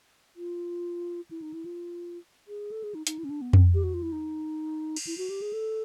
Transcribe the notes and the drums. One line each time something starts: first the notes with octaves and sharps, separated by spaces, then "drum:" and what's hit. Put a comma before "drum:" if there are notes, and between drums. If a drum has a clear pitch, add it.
F4
E4
D#4
E4
F4
G#4
A4
G#4
D#4
D#4, drum: hi-hat
E4
C#4
D4
B3
C4, drum: tom F2
G4
F#4
F4
E4
D#4
drum: cymbal
E4
F#4
G4
G#4
A4